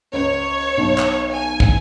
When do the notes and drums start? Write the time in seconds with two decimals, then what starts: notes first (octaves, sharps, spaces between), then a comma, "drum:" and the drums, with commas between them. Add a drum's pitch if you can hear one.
0.13 C#2 C#5
0.77 B1
0.98 drum: clap
1.32 G#5
1.60 drum: kick